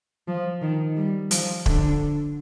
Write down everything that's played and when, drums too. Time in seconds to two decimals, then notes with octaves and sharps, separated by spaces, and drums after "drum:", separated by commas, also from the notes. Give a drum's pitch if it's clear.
0.28 F3
0.62 D#3
0.97 G3
1.31 F3, drum: hi-hat
1.66 D3, drum: kick